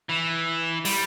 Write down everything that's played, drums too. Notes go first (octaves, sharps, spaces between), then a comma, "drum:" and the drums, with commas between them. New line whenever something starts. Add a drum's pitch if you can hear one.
E3
G3, drum: open hi-hat